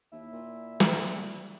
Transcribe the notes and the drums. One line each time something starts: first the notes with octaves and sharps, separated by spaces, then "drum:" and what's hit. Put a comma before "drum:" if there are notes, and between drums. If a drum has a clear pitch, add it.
D#2 E4
A#2
drum: snare